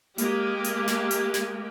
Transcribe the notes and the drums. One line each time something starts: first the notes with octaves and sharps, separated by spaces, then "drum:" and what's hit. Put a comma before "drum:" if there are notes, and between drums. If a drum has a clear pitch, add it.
G#3 A#3 G4, drum: hi-hat
drum: hi-hat
drum: snare
drum: hi-hat
drum: snare